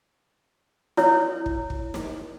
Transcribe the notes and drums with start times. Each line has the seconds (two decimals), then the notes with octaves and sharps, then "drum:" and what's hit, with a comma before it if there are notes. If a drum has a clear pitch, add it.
0.97 E4 C#5, drum: snare
1.46 drum: kick
1.70 drum: kick
1.94 drum: snare